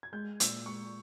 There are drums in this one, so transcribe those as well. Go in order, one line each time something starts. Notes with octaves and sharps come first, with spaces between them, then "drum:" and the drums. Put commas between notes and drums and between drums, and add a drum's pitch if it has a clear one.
G#6
G#3 G6
A#2 E6, drum: hi-hat
G#3 C#6